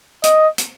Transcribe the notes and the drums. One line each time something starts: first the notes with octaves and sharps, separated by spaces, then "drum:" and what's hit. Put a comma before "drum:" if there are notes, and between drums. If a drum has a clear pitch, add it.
D#5, drum: hi-hat
drum: hi-hat